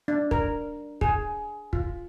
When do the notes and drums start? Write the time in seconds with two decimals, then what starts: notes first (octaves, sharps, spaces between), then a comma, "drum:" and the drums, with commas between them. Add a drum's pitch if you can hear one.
0.08 D4
0.31 A#4, drum: kick
1.01 G#4, drum: kick
1.73 F4, drum: kick